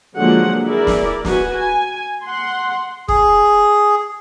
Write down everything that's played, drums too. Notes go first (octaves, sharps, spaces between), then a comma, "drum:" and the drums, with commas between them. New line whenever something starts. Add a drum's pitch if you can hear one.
D3 F3 F#3 G#3 A#3 F#5
E4 G#4 A#4 D5
drum: snare
F#4 B4 G#5, drum: snare
G#5
F#5 C6
G#4, drum: kick